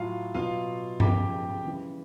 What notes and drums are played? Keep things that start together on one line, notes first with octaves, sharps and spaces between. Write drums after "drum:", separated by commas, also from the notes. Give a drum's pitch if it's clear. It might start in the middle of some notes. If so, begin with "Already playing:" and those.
Already playing: A2 F#3 F4 F5
B2 F#3 F4 F5
C#3 F3 G4 G5, drum: tom G2
C#3 E3 G3